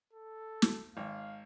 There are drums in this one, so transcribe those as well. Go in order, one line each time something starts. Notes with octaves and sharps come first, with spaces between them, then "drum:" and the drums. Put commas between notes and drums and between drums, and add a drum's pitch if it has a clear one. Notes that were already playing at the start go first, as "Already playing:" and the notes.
A4
drum: snare
G#1 F5